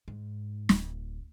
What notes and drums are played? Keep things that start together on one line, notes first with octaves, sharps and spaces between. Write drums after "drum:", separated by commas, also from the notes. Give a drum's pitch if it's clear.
G#2
D1, drum: snare